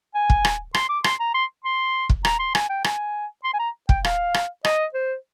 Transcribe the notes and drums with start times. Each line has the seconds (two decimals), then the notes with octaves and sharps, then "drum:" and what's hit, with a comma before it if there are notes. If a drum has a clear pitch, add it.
0.15 G#5
0.30 drum: kick
0.45 drum: rim click
0.74 C6, drum: rim click
0.89 D6
1.04 C6, drum: rim click
1.20 A#5
1.34 C6
1.65 C6
2.09 drum: kick
2.25 A#5, drum: rim click
2.40 C6
2.55 G#5, drum: rim click
2.69 G5
2.84 G#5, drum: rim click
3.44 C6
3.54 G#5
3.59 A#5
3.89 G5, drum: kick
4.04 F5, drum: rim click
4.34 drum: rim click
4.65 D#5, drum: rim click
4.94 C5